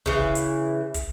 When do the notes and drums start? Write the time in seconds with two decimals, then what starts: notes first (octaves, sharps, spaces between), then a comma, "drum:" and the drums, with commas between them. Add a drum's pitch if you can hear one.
0.06 C#3 E3, drum: kick
0.35 drum: hi-hat
0.94 drum: kick, hi-hat